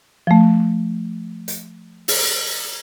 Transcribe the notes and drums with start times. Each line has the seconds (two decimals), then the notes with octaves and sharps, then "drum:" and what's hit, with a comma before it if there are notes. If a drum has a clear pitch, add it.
0.27 F3 A3
1.48 drum: hi-hat
2.08 drum: open hi-hat